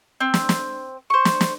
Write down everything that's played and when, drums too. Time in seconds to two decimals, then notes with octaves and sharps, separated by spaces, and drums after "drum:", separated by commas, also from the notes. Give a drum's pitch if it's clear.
0.20 C4
0.34 drum: snare
0.49 drum: snare
1.10 C5 C#6
1.25 drum: snare
1.41 drum: snare